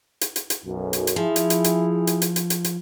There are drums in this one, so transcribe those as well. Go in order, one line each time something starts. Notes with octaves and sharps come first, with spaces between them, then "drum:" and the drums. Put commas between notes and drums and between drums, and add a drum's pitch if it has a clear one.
drum: hi-hat
drum: hi-hat
drum: hi-hat
B1 F#2
drum: hi-hat
drum: hi-hat
F3 E4 G#4
drum: hi-hat
drum: hi-hat
drum: hi-hat
drum: hi-hat
drum: hi-hat
drum: hi-hat
drum: hi-hat
drum: hi-hat